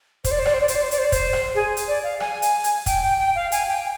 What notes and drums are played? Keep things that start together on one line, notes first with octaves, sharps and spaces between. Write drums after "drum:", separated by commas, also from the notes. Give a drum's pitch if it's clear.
C5, drum: kick, hi-hat
D5
C5
D5, drum: rim click
C5
D5
C5, drum: hi-hat
D5
C5
D5, drum: hi-hat
C5
D5
C5, drum: kick, hi-hat
drum: rim click
G#4
drum: hi-hat
D5
F5
G#5, drum: rim click
drum: hi-hat
drum: hi-hat
G5, drum: kick, hi-hat
G5
G5
F5
G#5, drum: hi-hat
G5